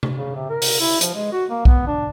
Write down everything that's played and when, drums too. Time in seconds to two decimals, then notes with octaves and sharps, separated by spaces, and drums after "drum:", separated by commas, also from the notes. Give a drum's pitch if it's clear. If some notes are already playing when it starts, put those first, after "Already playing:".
0.03 drum: tom C3
0.16 C#3
0.35 C3
0.50 A#4
0.62 drum: open hi-hat
0.80 E4
1.01 F3, drum: hi-hat
1.15 G#3
1.32 F#4
1.50 A#3
1.65 B3, drum: kick B1
1.87 D4